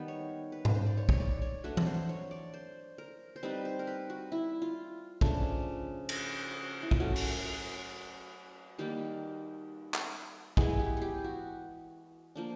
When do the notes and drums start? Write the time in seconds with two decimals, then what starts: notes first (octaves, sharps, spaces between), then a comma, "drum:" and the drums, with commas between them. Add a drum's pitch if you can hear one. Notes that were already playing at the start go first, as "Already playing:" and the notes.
Already playing: D#3 G3 B3
0.08 C#5
0.52 B4
0.65 drum: tom G#2
0.75 C5
0.86 D5
0.97 C#5
1.09 C#5, drum: kick
1.20 D5
1.42 C#5
1.64 F#3 A3 D4 B4
1.77 drum: tom E3
1.87 C5
2.09 C#5
2.31 D5
2.54 C5
2.98 A#4
3.36 C5
3.43 G3 C4 D#4 B4
3.65 C5
3.79 A#4
3.87 B4
4.10 F#4
4.32 E4
4.62 F4
5.21 C#3 F3 A3 D4, drum: kick
6.09 drum: cymbal
6.83 E4
6.91 F4, drum: kick
7.00 F#3 A3 C#4 F#4
7.16 drum: open hi-hat
8.78 D#3 G3 A#3 G4
9.94 drum: clap
10.57 E3 G#3 B3 E4 G#4, drum: kick
10.80 G4
10.97 G4 G#4
11.24 F#4
12.35 F3 A#3 D4